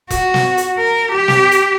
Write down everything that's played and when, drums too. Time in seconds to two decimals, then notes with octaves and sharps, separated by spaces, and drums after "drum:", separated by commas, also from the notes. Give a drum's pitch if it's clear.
0.10 F#4, drum: kick E1, hi-hat
0.34 drum: snare
0.57 drum: hi-hat
0.78 A#4
1.12 G4
1.28 drum: snare
1.51 drum: hi-hat